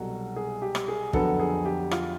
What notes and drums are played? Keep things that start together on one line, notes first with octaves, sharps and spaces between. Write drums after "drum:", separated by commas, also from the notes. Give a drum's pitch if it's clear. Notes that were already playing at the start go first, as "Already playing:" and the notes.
Already playing: C2 B2 F#3 A4
G#4
G4
drum: rim click
G#4
F2 D3 F#3 B3 A4, drum: kick
G#4
G4
F4, drum: rim click